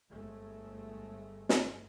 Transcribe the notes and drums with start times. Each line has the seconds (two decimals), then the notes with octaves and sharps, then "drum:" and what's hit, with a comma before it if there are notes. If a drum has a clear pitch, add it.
0.11 G1 G#3 A3
1.49 drum: snare